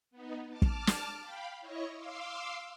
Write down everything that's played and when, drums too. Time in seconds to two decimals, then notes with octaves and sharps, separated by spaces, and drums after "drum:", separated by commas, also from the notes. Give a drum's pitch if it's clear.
0.11 B3 D#4
0.48 A5 D6 F6
0.62 drum: kick
0.87 drum: snare
1.21 F5 G5 B5
1.60 E4 C#5 D#5 C#6
1.95 F5 C6 D6 E6